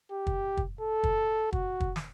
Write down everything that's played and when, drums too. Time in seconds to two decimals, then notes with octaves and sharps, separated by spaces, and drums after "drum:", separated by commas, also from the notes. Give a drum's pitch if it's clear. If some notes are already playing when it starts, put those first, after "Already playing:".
0.11 G4
0.27 drum: kick
0.57 drum: kick
0.81 A4
1.04 drum: kick
1.53 F#4, drum: kick
1.80 drum: kick
1.96 drum: snare